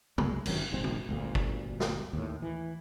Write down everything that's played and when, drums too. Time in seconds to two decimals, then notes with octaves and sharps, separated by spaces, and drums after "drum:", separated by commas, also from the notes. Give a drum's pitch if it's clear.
0.18 C2 F#2 G#3, drum: tom
0.46 G1 F#2 C3 D#3, drum: cymbal
0.72 F1 A#1 G#2 C4
0.84 drum: tom
1.09 G1 D2 A#2
1.35 drum: kick
1.80 drum: snare
2.13 D#2 A2
2.42 E3